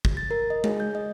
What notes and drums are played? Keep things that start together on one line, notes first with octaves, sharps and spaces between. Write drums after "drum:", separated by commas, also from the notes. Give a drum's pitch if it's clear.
drum: kick
A6
A#4
D#5
G#4, drum: tom G#3
G6
D#5